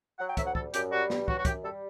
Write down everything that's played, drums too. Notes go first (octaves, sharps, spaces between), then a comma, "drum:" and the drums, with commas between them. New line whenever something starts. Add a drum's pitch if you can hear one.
F#3 F#5
G5
D2 E5, drum: kick, hi-hat
F#5
G3 A4, drum: kick
F#2 G4, drum: hi-hat
G3 F#4
G2, drum: snare
F#3 F#4, drum: kick
F#4
F#2 G4, drum: kick, hi-hat
G3 A4